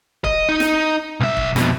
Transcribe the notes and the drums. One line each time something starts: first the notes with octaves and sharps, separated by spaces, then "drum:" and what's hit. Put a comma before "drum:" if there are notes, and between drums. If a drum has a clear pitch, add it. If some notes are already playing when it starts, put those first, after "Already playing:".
D#5, drum: kick
D#4
drum: snare
B1 E5
drum: kick
F2 B2, drum: snare